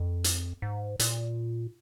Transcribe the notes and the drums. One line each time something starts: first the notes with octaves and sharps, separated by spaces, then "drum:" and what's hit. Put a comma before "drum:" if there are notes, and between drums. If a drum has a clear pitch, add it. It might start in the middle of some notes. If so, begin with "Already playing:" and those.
Already playing: F2
drum: hi-hat
G#2
A#2, drum: hi-hat